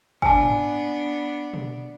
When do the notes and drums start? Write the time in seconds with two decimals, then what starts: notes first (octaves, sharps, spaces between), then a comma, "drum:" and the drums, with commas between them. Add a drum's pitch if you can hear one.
0.22 B3 D4 D5 G#5 A5, drum: kick
0.41 drum: tom G#2
1.54 drum: tom B2